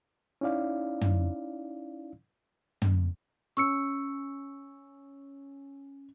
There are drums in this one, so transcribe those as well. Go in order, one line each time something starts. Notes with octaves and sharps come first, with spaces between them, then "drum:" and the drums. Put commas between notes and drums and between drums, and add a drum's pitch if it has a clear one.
C#4 D#4 E4 D5 F5
drum: tom
drum: tom
C#4 C#6 E6 C#7